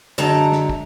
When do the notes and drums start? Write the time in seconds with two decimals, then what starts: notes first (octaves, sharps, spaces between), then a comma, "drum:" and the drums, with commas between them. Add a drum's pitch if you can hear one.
0.18 F#2 D3 G#3 A5 A#5
0.52 drum: snare
0.69 drum: kick